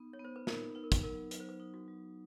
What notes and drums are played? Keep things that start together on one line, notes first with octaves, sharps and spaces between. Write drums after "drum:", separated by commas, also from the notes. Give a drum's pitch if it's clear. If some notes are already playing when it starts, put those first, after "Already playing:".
Already playing: B3 D#4
C#5
B3
C5
B4
D#4 A#4, drum: snare
D#4 B4
A#4
B4, drum: kick, hi-hat
F#3 A#4
F#3 B4, drum: hi-hat
C5
B4
D#4
F#4
F#3